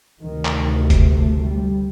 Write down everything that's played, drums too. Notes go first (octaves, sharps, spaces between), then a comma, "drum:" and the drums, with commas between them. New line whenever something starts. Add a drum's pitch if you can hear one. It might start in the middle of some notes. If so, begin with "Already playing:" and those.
D2 C3 D#3
drum: clap
drum: kick, hi-hat
A3
G3